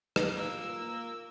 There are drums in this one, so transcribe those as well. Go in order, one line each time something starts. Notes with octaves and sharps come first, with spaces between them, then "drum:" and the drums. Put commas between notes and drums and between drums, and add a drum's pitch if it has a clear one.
drum: rim click
A#2 A#3 E6